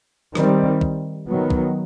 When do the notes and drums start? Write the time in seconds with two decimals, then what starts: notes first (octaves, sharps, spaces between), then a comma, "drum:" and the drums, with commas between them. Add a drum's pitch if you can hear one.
0.35 D#3 G3 C4, drum: rim click
0.81 drum: kick
1.27 D#3 F#3 B3
1.50 drum: kick